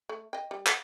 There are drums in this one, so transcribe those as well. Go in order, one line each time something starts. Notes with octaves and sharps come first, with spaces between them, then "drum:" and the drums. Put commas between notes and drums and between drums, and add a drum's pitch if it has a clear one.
A3
D#5 G5
G3
F5 F#5, drum: clap